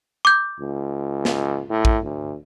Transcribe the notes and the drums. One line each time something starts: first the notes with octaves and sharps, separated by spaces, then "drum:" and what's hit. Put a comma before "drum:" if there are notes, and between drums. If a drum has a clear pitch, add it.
D6 G6
C#2
drum: snare
A2
drum: kick
D2